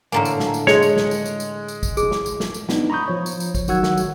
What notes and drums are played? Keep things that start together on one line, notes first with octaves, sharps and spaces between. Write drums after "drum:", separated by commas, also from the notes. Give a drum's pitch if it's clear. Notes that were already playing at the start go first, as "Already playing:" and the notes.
A2 D3 A#3 G#5 A#5
drum: tambourine
drum: snare
drum: tambourine
G#3 C#5 C6, drum: snare
drum: tambourine
drum: snare
drum: tambourine
drum: tambourine
drum: tambourine
drum: tambourine
drum: kick A1, tambourine
G#4, drum: tambourine
drum: snare
drum: tambourine
drum: snare
drum: tambourine
B3 D4 D#4, drum: snare
A#5 B5 C#6 D#6 G6
F3 C#5
drum: tambourine
drum: tambourine
drum: kick A1, tambourine
D#3 F#3 F#4 F#5 E6 G#6, drum: tambourine
drum: snare
drum: tambourine